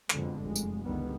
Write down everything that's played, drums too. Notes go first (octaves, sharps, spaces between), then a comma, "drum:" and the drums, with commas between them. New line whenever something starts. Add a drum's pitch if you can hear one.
F2 B2 D3 G#3, drum: clap
F1 F#2 G#3
drum: tambourine
C#2 D3 D#3 G3 B3